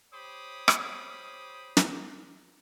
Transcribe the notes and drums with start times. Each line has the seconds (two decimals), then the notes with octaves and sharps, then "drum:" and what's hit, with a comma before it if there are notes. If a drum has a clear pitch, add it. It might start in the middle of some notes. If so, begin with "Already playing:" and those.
0.13 G4 C5 C#5 B5 D6 D#6
0.68 drum: rim click
1.77 drum: snare